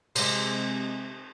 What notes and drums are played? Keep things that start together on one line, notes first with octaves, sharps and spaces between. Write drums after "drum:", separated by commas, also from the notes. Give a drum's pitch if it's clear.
C3 G#3, drum: cymbal